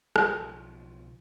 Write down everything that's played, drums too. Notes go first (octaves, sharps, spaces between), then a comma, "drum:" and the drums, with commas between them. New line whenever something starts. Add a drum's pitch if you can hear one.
B1 C#3 E3 F3, drum: rim click